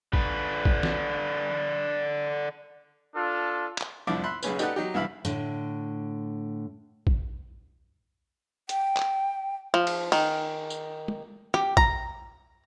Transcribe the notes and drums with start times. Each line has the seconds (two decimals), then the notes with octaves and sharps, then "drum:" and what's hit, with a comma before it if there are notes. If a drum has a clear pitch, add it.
0.13 D3 B4, drum: kick
0.65 drum: kick
0.83 drum: snare
3.15 D4 F4 A4
3.78 drum: clap
4.07 C2 F2 F3 D4 E4 D6
4.24 E5 B5 C6 F#6
4.43 B1 C#3 C#4 B4, drum: tambourine
4.59 D#4 G4 A4 B4 D5 F#5, drum: tambourine
4.76 F#3 D#4 G4
4.94 C2 G2 E3 E5 F5 B5
5.25 A2 D3, drum: tambourine
7.07 drum: kick
8.69 G5, drum: hi-hat
8.97 drum: clap
9.74 F3
9.87 drum: cymbal
10.12 D#3, drum: cymbal
10.70 drum: tambourine
11.08 drum: tom
11.54 G4, drum: rim click
11.77 A#5, drum: kick